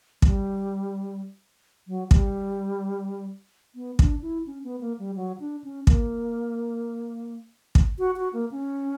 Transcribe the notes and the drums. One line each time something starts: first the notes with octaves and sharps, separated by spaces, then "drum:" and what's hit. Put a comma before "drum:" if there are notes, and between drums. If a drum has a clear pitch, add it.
G3, drum: kick
F#3
G3, drum: kick
B3
D4, drum: kick
E4
C#4
B3
A#3
G3
F#3
D4
C#4
A#3, drum: kick
drum: kick
F#4
F#4
A#3
C#4